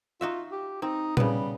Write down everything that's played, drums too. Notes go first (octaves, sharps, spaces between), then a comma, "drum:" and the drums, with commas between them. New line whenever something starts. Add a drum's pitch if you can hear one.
D#4 F4 F#4 E5
G4
C4 D#4
C#3 G3 B3, drum: tom A#2